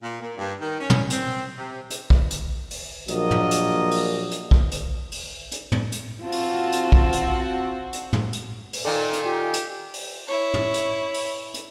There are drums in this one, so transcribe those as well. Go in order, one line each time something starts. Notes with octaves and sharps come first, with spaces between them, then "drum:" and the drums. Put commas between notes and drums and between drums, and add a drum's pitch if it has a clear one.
A#2
A#2
G2
D#3
C#4
drum: tom
C4, drum: hi-hat
C3
drum: hi-hat
drum: kick
drum: hi-hat
drum: open hi-hat
A#1 F#3 A#3 D4 D#5, drum: hi-hat
drum: tom
drum: hi-hat
drum: open hi-hat
drum: hi-hat
drum: kick
drum: hi-hat
drum: open hi-hat
drum: hi-hat
drum: tom
drum: hi-hat
C4 F4 F#4 A5
drum: open hi-hat
drum: hi-hat
drum: kick
drum: hi-hat
drum: hi-hat
drum: tom
drum: hi-hat
drum: open hi-hat
A#2 D#3 A#3 A4 D5
drum: hi-hat
F4 G4
drum: hi-hat
drum: open hi-hat
E4 C#5
drum: tom
drum: hi-hat
drum: open hi-hat
drum: hi-hat